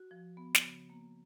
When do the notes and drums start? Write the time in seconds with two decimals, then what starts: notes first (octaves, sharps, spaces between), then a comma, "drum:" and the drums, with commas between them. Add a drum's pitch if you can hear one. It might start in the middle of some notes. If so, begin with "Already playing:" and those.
Already playing: F#4
0.11 F3
0.37 B3
0.55 drum: snare
0.64 C#3
0.90 A#3